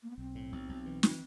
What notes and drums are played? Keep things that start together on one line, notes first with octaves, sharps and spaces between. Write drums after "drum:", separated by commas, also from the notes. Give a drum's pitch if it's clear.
A#3
B3
B1 C4
A2
B1
B1
E3
drum: snare